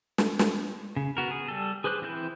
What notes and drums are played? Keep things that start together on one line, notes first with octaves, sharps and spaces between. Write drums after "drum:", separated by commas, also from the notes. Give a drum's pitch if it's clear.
drum: snare
drum: snare
C#3
B3 F#4 A#4
G#4
G3 A4
G#4 B4 C5 D6 F#6
E3 C4 E4 G6